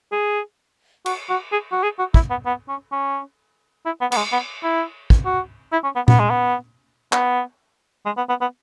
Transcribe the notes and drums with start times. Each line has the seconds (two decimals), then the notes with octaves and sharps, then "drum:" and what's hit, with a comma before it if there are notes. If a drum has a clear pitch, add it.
0.12 G#4
1.06 F#4, drum: cymbal
1.29 F#4
1.52 G#4
1.72 F#4
1.83 G#4
1.99 F#4
2.14 E4, drum: kick
2.30 B3
2.46 B3
2.68 C#4
2.92 C#4
3.86 E4
4.01 B3
4.12 B3, drum: cymbal
4.17 G#3
4.33 B3
4.63 E4
5.10 drum: kick
5.25 F#4
5.73 E4
5.84 C#4
5.96 B3
6.08 B3, drum: tom A#2
6.19 G#3
6.30 B3
7.13 B3, drum: clap
8.06 G#3
8.17 B3
8.29 B3
8.41 B3